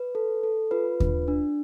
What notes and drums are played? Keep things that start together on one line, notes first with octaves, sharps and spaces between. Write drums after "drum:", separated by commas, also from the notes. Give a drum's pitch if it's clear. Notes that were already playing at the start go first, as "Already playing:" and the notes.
Already playing: B4
A4
A4
F4 B4
D4, drum: kick D#2
D4